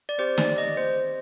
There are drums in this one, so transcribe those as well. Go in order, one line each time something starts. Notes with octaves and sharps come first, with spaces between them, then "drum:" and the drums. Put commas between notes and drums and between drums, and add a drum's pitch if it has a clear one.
D5
C4 G4 C5
D5, drum: snare
D#5
C5